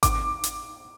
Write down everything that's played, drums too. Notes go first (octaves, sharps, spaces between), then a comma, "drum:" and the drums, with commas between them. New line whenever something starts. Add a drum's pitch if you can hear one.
D6, drum: kick G#1, hi-hat
drum: hi-hat